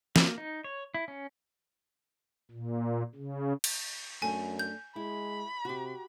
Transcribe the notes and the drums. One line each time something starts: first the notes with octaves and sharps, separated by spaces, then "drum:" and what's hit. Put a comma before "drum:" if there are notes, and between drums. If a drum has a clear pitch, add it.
A#3, drum: snare
D#4
C#5
E4
C#4
A#2
C#3
drum: cymbal
F#2 A3 D4 G#5
G6
G#3 E4 B5
C3 F#4 G4